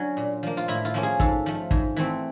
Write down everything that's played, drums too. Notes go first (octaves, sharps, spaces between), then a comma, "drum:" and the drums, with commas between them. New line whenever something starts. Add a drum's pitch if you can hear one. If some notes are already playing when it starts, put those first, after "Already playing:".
Already playing: F#3 C#4 D4
A#2
F3 A#3
F4
A2 E4
F4
F3 A#3 C#4
G#4
G#2 A4, drum: kick
F3 A3
G#2, drum: kick
E3 A3 C4